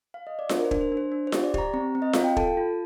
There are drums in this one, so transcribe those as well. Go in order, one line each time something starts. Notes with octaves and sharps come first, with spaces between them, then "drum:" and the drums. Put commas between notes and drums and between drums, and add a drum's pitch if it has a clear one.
F5
D#5
D5
D4 C5, drum: snare F4
A#4
C5
D4, drum: kick
C5
D4
C5
D4
C5
G4, drum: snare F4
D5
G4 A#5, drum: kick
C4 A#5
C4
D#5
F4 F5, drum: snare F4
G5
A4 A5, drum: kick
F4